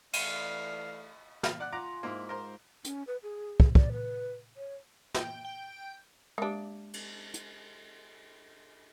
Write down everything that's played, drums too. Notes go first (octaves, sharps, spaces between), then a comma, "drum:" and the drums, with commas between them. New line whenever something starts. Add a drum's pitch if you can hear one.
E3 A3 D5 F5, drum: cymbal
F5, drum: snare
D5 F#5 F#6
F4 F#5 G#5 A#5 D6
G#2 A#3 E4
A#4 C5
C#4, drum: hi-hat
B4
G#4
drum: kick
D5, drum: kick
B4
C#5
G5, drum: snare
G5
G#3 A#3 D4 G4
drum: cymbal
drum: hi-hat